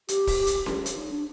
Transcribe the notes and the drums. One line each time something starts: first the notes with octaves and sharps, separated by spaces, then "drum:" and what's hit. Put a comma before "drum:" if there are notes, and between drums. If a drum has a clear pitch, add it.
G4, drum: hi-hat
drum: kick, open hi-hat
drum: hi-hat
drum: snare C#4
drum: hi-hat
D#4
D4